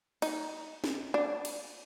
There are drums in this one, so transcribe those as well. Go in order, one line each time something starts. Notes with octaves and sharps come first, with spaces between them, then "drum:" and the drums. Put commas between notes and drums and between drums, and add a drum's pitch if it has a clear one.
D#4, drum: cymbal
drum: snare
D4
drum: cymbal